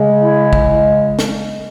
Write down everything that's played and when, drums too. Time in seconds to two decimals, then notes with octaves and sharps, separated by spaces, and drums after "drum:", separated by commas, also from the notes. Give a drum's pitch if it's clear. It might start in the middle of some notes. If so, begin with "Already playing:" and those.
Already playing: C#3 G#3
0.19 E4
0.53 drum: kick
1.19 drum: snare